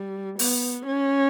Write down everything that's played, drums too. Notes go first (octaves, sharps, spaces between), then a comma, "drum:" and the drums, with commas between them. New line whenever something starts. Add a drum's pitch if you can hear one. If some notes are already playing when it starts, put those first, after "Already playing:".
Already playing: G3
B3, drum: open hi-hat
C#4